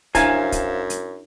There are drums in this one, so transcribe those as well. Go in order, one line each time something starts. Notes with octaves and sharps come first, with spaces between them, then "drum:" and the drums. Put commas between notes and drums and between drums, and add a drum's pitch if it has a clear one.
F#2 D4 E4 C5 E5 F5 G#5, drum: kick, hi-hat
drum: kick, hi-hat
drum: hi-hat